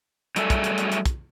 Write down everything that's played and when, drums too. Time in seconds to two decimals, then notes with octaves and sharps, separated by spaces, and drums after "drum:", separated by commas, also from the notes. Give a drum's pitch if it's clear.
0.36 F#3 G3 A3 G#4 A4 E5, drum: hi-hat
0.50 drum: kick, hi-hat
0.64 drum: hi-hat
0.78 drum: hi-hat
0.92 drum: hi-hat
1.06 drum: kick, hi-hat